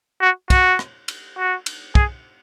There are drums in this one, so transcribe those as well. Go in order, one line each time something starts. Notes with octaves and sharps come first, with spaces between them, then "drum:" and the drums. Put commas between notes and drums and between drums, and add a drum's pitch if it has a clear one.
F#4
F#4, drum: kick, cymbal
drum: rim click
drum: cymbal
F#4
drum: cymbal
G#4, drum: kick